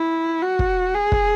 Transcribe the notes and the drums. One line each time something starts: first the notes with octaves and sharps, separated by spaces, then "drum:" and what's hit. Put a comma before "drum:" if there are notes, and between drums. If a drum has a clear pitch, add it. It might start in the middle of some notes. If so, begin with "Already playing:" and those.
Already playing: E4
F#4
drum: kick
G#4
drum: kick